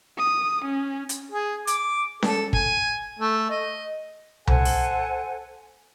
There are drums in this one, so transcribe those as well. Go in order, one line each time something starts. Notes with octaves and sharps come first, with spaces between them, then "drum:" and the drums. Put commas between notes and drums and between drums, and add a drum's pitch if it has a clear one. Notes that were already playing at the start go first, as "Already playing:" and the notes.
D#6
C#4
drum: hi-hat
G#4
D6, drum: hi-hat
A4, drum: snare C#4
G#5, drum: kick
A3
D#5
A4 C5 F#5 G#5, drum: tom C2
drum: open hi-hat